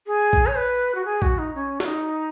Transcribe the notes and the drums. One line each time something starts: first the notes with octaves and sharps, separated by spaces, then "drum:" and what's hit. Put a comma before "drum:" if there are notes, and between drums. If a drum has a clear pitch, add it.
G#4
drum: kick
C#5
B4
F#4
G#4
F#4, drum: kick
D#4
C#4
F#4, drum: snare
D#4